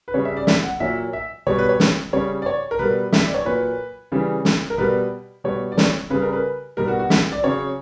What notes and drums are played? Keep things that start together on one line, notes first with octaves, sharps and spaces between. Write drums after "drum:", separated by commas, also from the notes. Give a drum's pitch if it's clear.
B4
C#3 G3 C#5
E5
D5
E5, drum: snare
F#5
A#2 F#3 E5
E5
B2 G3 C#5
B4
C#5
drum: snare
C#3 G3 C#5
D5
C#5
A#4
B2 G3 B4
E5, drum: snare
D5
C#5
A#2 F#3 B4
C#3 E3 G3
drum: snare
A#4
B2 G3 B4
B2 G3 C#5
D5
C#5, drum: snare
C#3 G3 B4
A#4
B4
B2 G3 A#4
F#4
F#4
E5, drum: snare
D5
C#3 F#3 C#5